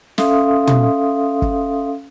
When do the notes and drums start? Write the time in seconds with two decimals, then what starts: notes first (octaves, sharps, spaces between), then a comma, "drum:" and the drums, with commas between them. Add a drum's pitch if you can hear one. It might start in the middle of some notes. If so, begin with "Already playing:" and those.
0.18 C#4 A4 E5 F5 C6 D#6, drum: snare
0.67 drum: tom
1.42 drum: kick